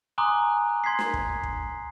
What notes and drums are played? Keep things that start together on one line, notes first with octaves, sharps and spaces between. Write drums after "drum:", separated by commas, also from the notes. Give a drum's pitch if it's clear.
G#5 A#5 C6 D6 D#6 F#6
C6 G#6 B6 C7
drum: snare
drum: kick
drum: kick